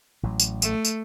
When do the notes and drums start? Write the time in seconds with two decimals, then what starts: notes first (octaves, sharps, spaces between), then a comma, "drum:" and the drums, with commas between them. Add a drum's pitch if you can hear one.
0.23 A1 A2 F#3
0.40 drum: tambourine
0.62 A3, drum: tambourine
0.85 drum: tambourine